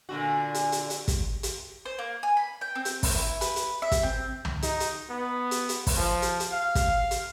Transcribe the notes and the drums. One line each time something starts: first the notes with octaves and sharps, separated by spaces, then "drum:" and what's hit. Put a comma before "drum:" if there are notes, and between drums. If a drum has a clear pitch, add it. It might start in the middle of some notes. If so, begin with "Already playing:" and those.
A#2 D3 F#4
drum: hi-hat
drum: hi-hat
drum: hi-hat
drum: kick, hi-hat
drum: hi-hat
C5
A#3
G#5
B5
G5
C4
drum: hi-hat
drum: kick, open hi-hat
E4
B4, drum: hi-hat
drum: hi-hat
E5
drum: kick, hi-hat
C4
drum: tom
D#4, drum: hi-hat
drum: hi-hat
B3
drum: hi-hat
drum: hi-hat
drum: kick, open hi-hat
F3
drum: hi-hat
drum: hi-hat
F5
drum: kick, hi-hat
drum: hi-hat